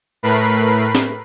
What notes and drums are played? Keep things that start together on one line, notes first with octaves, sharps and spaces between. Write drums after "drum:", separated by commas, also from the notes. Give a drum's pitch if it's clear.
A2 A3 A#4 B4 B5 C7
drum: snare